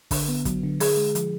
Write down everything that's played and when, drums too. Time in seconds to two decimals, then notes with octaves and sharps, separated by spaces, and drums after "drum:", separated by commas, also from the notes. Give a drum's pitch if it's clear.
0.11 D3, drum: kick, open hi-hat
0.29 B3
0.45 F#3, drum: kick, hi-hat
0.63 D3
0.80 D3 G#4, drum: open hi-hat
0.97 G#3
1.15 F3, drum: hi-hat